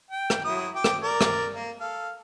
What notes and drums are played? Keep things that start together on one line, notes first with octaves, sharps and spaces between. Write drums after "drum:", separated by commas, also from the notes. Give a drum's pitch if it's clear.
G5
drum: rim click
F#3 E4 D#6
G5 D6
drum: rim click
A#4 D5
drum: rim click
A#3
A4 F5